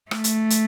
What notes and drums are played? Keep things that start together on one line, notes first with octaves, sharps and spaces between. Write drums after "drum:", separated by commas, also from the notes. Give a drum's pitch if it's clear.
A3, drum: rim click
drum: hi-hat
drum: hi-hat